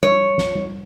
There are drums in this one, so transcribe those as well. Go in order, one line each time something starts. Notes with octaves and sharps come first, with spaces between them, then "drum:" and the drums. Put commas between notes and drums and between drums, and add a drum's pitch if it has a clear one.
C#5, drum: tom G3
drum: snare
drum: tom G3